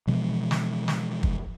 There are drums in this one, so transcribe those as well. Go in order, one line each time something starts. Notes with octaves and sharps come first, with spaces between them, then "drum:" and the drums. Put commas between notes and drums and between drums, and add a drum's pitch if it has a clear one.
B2 E3 F3 G#3
drum: snare
drum: snare
drum: kick